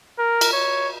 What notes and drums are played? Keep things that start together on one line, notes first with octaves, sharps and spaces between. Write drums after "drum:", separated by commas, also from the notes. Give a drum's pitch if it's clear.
A#4
drum: cymbal
C#5